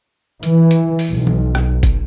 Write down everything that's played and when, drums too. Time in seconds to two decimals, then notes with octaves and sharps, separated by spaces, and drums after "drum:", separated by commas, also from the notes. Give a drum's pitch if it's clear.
0.43 E3, drum: hi-hat
0.71 drum: hi-hat
0.99 drum: open hi-hat
1.10 B1
1.27 drum: tom E3
1.55 drum: rim click
1.83 drum: kick F#1, hi-hat